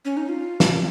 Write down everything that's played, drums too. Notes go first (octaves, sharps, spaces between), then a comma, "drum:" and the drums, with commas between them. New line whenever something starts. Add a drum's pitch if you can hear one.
C#4
D#4
F4
drum: snare